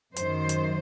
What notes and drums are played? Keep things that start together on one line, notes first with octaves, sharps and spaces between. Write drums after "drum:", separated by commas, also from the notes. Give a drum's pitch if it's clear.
F#2 D#3 C5, drum: hi-hat
drum: hi-hat